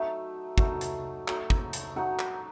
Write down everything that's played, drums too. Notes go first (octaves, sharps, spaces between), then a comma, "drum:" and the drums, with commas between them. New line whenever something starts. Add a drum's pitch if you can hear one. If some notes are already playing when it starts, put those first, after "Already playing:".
Already playing: F#3 A3 D#4 E5
F#3 A3 D#4, drum: kick
drum: hi-hat
F#3 A3 D#4, drum: clap
drum: kick
drum: hi-hat
F#3 A3 D#4 F#5
drum: clap